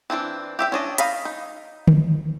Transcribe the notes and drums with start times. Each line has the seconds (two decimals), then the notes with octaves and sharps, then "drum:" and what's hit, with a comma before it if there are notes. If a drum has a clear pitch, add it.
0.10 E3 C4 D4 D5
0.59 G4 E5 F5 G5
0.72 C#4 D4 D#5
0.98 D#5 F5 A#5 B5, drum: hi-hat
1.25 D#4
1.87 drum: tom D3